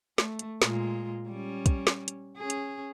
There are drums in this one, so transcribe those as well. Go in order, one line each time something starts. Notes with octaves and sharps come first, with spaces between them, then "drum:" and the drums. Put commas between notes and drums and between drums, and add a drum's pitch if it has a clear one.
A3, drum: snare
drum: hi-hat
A#2 G#3 F4, drum: snare
G3 C#4
drum: kick, hi-hat
drum: snare
drum: hi-hat
C#4 G#4
drum: hi-hat